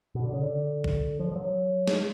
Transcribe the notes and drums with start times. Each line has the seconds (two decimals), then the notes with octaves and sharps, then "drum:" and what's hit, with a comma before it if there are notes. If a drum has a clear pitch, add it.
0.15 B2
0.24 D3
0.33 C#3
0.42 D3
0.84 drum: kick A#1
1.19 F3
1.32 F3
1.36 F#3
1.87 G#3, drum: snare